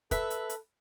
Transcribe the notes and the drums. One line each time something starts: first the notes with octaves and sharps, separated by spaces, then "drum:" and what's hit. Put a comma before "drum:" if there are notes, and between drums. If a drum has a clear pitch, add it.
A4 B4 E5, drum: kick, hi-hat
drum: hi-hat
drum: hi-hat